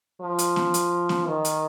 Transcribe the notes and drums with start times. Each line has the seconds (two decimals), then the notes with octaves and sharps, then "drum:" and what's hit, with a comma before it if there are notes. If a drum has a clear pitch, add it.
0.21 F3
0.39 drum: hi-hat
0.56 drum: snare B3
0.74 drum: hi-hat
1.09 drum: snare B3
1.27 D#3
1.45 drum: hi-hat